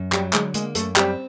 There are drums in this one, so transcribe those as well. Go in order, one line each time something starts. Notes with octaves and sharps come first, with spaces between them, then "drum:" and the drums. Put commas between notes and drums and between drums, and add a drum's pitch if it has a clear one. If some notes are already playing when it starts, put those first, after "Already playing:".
Already playing: F#2
F#3 G3 G4, drum: clap
D3 G#3 G#4, drum: clap
G#3 A#3 G#4, drum: hi-hat
F#2 A3 A4, drum: hi-hat
G3 C4 G4, drum: clap